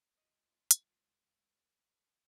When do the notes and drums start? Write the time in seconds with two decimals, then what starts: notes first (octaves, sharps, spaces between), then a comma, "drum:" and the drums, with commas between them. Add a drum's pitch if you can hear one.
0.18 C#2 F4 D#5
0.71 drum: hi-hat